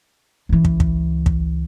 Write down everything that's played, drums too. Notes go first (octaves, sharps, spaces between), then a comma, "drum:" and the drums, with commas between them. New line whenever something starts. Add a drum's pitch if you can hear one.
C#2 E3
drum: kick
drum: kick
drum: kick